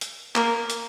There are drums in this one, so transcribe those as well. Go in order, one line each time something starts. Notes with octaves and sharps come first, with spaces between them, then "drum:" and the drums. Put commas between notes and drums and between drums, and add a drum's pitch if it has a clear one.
drum: hi-hat
A#3, drum: clap
drum: hi-hat